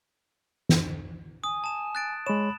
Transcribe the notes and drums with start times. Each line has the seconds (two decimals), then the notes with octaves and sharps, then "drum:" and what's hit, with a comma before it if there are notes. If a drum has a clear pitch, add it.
0.69 drum: snare
1.44 G#5 D#6
1.64 A5 E7
1.95 F#6 A6 D7
2.27 G#3 C#5 B5 E7